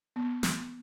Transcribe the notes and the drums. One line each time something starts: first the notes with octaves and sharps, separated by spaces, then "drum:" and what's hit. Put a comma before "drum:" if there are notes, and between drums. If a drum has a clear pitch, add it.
B3
drum: snare